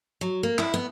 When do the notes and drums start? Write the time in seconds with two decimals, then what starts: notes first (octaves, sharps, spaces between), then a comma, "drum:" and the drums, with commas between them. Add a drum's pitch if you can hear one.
0.21 F#3
0.43 A#3
0.58 E4, drum: clap
0.74 B3